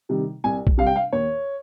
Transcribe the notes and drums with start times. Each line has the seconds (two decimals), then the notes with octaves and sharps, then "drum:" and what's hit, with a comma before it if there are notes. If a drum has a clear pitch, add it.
0.09 C3 D#3 G3
0.44 C2 G#5
0.67 drum: kick
0.78 C3 G3 F5
0.86 G5
0.96 F5
1.12 D#2 C#5